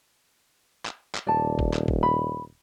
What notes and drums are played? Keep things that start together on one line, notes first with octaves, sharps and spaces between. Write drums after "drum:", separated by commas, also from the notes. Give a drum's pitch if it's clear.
drum: clap
drum: clap
D#1 D5 A5
drum: kick G1
drum: clap
drum: kick G1
B5